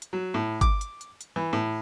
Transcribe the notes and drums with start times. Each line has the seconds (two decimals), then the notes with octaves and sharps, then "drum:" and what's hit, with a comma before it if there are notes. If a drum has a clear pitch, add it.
0.02 drum: hi-hat
0.13 F#3
0.34 A2
0.61 D6, drum: kick G1, hi-hat
0.81 drum: hi-hat
1.01 drum: hi-hat
1.21 drum: hi-hat
1.36 E3
1.53 A2